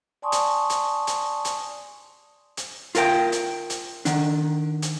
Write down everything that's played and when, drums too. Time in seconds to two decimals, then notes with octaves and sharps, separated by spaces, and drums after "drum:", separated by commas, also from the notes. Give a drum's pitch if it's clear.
0.22 D5 G#5 A5 C6 C#6 D#6
0.32 drum: hi-hat
0.70 drum: hi-hat
1.07 drum: hi-hat
1.45 drum: hi-hat
2.57 drum: hi-hat
2.95 F4 A#4 G5, drum: hi-hat
3.32 drum: hi-hat
3.70 drum: hi-hat
4.05 D#3 D4, drum: hi-hat
4.82 drum: hi-hat